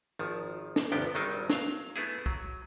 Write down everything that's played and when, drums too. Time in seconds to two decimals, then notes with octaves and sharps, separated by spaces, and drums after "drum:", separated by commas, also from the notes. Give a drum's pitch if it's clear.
0.19 G#1 D#3 F3
0.76 drum: snare
0.92 G1 D2 C3 F3 B3 G5
1.15 G#1 D#3 F#3 G3 D4 D#4
1.50 F#3 F5, drum: snare
1.96 A3 B3 E4 G#4
2.26 F#3, drum: kick